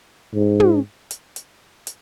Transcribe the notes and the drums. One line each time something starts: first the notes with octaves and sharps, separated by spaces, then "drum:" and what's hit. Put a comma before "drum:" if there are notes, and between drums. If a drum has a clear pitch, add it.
G#2
drum: tom
drum: hi-hat
drum: hi-hat
drum: hi-hat